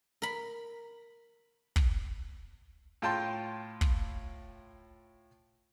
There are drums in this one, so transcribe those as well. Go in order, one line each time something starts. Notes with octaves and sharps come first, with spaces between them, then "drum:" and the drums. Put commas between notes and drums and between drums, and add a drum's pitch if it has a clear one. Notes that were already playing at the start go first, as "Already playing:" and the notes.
A#4 B5
drum: kick
A2 F4 G5 A5 C6
drum: kick